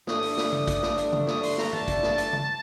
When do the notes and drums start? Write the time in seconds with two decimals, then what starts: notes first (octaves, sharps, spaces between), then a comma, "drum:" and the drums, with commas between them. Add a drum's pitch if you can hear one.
0.07 G2 D3 A3 D4 D#6, drum: snare
0.22 drum: open hi-hat
0.37 drum: snare
0.52 drum: tom C#3
0.68 drum: kick, hi-hat
0.83 drum: snare
0.98 drum: hi-hat
1.13 drum: tom C#3
1.27 D#6, drum: snare
1.43 C6, drum: open hi-hat
1.57 A#5, drum: snare
1.73 A5, drum: tom
1.88 drum: kick, hi-hat
2.03 drum: snare
2.18 drum: hi-hat
2.33 drum: tom C#3